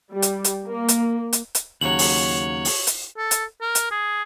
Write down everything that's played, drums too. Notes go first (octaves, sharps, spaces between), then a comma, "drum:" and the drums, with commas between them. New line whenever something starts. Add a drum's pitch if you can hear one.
G3
drum: hi-hat
drum: hi-hat
A#3
drum: hi-hat
drum: hi-hat
drum: hi-hat
D#2 C#3 F#3 C#5 F#7
drum: open hi-hat
drum: open hi-hat
drum: hi-hat
A4
drum: hi-hat
A#4
drum: hi-hat
G#4